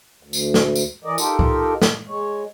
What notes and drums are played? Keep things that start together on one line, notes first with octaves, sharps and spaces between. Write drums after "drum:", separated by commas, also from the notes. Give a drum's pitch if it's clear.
D2
drum: tambourine
drum: snare
drum: tambourine
E3 A#4 D5 D#5
D#4 F4 G4 A4 A#4, drum: tambourine
drum: kick C2
drum: snare
G#3 C#5